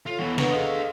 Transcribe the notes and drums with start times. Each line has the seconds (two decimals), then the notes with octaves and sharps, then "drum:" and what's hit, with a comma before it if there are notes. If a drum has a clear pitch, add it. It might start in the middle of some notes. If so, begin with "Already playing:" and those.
0.06 F4 A4 C#5
0.19 E3 B3 F#4
0.38 D4 A#4 B4 C#5 F#5, drum: snare
0.51 G#4 A4 D#5 F5 C6